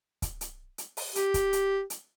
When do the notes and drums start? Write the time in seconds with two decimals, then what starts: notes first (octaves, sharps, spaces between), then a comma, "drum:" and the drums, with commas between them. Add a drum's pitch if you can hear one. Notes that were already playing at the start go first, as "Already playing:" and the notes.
0.22 drum: kick, hi-hat
0.41 drum: hi-hat
0.78 drum: hi-hat
0.97 drum: open hi-hat
1.15 G4, drum: hi-hat
1.34 drum: kick, hi-hat
1.53 drum: hi-hat
1.90 drum: hi-hat